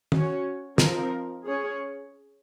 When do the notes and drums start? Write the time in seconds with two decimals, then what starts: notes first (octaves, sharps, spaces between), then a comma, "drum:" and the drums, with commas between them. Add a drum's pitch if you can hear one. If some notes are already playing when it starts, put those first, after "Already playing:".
0.12 C#4 F#4 C#5, drum: tom
0.78 F3 C4 D#4 A#4, drum: snare
1.45 C#4 G#4 C#5